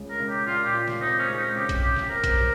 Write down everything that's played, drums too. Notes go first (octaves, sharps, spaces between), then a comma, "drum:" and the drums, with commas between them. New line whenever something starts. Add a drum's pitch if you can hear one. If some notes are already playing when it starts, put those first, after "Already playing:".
Already playing: C#2 G#3 C#4
A#4
C#3
G4
A#2 F4
G4
F4
drum: snare
C4 D#4
C#4
G#3
D#4
C#3 G4
drum: kick B1, hi-hat
C#3 G4
drum: snare
C4 A#4
drum: kick B1, hi-hat
G3